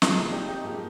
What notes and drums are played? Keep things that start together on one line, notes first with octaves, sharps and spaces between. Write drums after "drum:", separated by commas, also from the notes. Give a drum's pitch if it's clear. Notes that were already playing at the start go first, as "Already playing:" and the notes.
A#2 F3 G#3 C4 D#4, drum: snare
D#4 G4
D#4 G4
G#2 F3 A#3